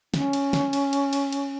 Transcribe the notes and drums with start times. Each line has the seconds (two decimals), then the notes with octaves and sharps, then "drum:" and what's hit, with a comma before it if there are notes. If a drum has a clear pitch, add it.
0.14 C#4, drum: snare
0.33 drum: cymbal
0.53 drum: snare
0.73 drum: cymbal
0.93 drum: cymbal
1.13 drum: cymbal
1.33 drum: cymbal